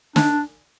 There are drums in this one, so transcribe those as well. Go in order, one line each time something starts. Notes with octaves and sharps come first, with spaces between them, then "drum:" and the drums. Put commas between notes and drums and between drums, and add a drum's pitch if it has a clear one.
D4, drum: snare